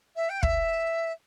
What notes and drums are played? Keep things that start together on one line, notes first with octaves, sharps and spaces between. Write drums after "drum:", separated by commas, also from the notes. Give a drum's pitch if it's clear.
E5
G5
E5, drum: kick